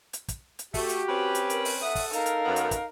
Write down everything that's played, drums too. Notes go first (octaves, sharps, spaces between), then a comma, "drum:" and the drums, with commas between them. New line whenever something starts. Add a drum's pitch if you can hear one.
drum: hi-hat
drum: kick, hi-hat
drum: hi-hat
A3 F#4 G4, drum: kick, open hi-hat
drum: hi-hat
C4 C#4 B4
drum: hi-hat
A#4, drum: hi-hat
drum: open hi-hat
A4 E5 F#5 D#6
drum: kick, open hi-hat
D#4 A#4 F5, drum: hi-hat
drum: hi-hat
F#2 B3
drum: hi-hat
drum: kick, hi-hat